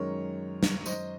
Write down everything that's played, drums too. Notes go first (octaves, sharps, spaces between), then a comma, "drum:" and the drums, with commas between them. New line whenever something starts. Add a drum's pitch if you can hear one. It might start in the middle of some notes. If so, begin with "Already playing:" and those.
Already playing: F#2 D#3 G#3 C#4 A#4 C#5
drum: snare
C5 D#5, drum: tambourine